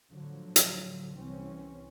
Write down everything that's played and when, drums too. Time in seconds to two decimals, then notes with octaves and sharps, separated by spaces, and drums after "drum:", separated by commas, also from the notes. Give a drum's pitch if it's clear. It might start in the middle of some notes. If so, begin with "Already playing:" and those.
0.11 A2 D3 F3 F#3
0.56 drum: hi-hat
1.14 C2 E3 C4 C#4